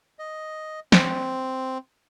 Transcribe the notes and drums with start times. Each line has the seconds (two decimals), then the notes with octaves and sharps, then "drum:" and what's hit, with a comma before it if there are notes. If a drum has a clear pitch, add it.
0.19 D#5
0.92 C4, drum: snare